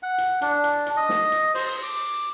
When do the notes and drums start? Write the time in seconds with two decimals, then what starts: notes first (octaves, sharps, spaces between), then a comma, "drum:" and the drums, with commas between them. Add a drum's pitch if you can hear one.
0.03 F#5
0.18 drum: hi-hat
0.41 D4, drum: hi-hat
0.64 drum: hi-hat
0.86 drum: hi-hat
0.97 D#5
1.09 drum: snare
1.32 drum: hi-hat
1.54 C5, drum: open hi-hat
1.83 D6